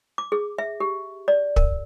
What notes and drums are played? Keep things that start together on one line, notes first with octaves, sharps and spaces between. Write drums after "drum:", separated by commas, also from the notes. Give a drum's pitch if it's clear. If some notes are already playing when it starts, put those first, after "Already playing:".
D6
G#4
E5
G4
D5
A#4, drum: kick